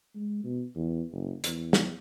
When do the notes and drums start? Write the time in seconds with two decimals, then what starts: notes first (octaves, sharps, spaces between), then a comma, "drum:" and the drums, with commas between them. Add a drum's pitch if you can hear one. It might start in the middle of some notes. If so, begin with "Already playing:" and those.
0.15 G#3
0.44 B2
0.75 E2
1.12 F#1
1.44 E2, drum: hi-hat
1.73 drum: snare